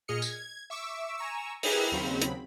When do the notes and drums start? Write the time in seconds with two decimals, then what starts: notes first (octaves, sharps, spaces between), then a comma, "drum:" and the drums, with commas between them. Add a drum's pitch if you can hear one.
0.08 A#2 G#4 D#5 F6 C#7
0.22 G#6, drum: tambourine
0.70 E5 C#6 D6 E6
1.18 G#5 A#5 C#6 E6
1.63 E4 G4 G#4 A#4 B4 E5, drum: open hi-hat
1.92 D#2 C#3 F#3 C4 B5
2.22 drum: hi-hat